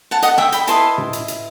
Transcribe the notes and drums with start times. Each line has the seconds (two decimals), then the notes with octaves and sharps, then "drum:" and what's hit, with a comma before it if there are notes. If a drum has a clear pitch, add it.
0.11 F#5 A5
0.23 D#5 F#5, drum: hi-hat
0.38 E5 G5, drum: rim click
0.52 G5 B5, drum: hi-hat
0.67 E4 B4 D#5 A5 C6, drum: hi-hat
0.98 drum: tom A2
1.13 drum: hi-hat
1.28 drum: hi-hat